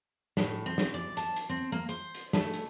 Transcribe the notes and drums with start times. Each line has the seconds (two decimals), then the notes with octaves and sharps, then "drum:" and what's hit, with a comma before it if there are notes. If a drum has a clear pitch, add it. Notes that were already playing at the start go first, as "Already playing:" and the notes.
0.37 A2, drum: snare
0.66 C4
0.78 drum: snare
0.94 D5
1.17 A5, drum: hi-hat
1.36 drum: hi-hat
1.49 C4
1.72 A#3
1.89 C5
2.15 drum: hi-hat
2.33 A3, drum: snare
2.54 drum: hi-hat